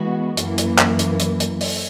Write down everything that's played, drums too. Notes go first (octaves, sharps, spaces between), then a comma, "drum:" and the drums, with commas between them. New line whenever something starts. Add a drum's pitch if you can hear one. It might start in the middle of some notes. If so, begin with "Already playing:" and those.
Already playing: E3 G#3 B3 F#4
F#2 E3 A#3, drum: hi-hat
drum: hi-hat
drum: clap
drum: hi-hat
drum: hi-hat
drum: hi-hat
drum: open hi-hat